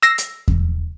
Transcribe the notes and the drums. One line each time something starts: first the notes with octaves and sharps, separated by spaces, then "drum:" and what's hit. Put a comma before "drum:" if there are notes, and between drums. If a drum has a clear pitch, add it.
E6 A#6 C7
drum: hi-hat
drum: kick E2